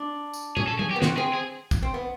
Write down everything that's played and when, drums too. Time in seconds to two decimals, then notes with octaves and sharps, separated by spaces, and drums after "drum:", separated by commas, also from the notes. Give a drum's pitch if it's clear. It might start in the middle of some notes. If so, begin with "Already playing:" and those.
Already playing: D4
0.34 drum: tambourine
0.57 C#4 G#4, drum: tom
0.67 A4
0.79 G#4, drum: tom
0.91 G4
0.96 B3
1.02 C4 F#4, drum: snare
1.17 C4 G#4
1.34 G#4
1.71 drum: kick, tambourine
1.83 C4
1.94 B3